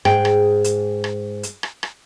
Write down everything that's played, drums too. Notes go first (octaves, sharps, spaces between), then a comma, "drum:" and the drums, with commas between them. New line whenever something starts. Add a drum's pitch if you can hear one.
G#2 G#4 G5, drum: rim click
drum: rim click
drum: hi-hat
drum: rim click
drum: hi-hat
drum: rim click
drum: rim click